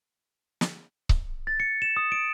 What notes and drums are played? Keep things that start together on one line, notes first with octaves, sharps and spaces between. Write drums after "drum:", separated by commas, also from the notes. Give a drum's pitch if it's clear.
drum: snare
drum: kick C#1
A6
C#7
E7
D#6
D7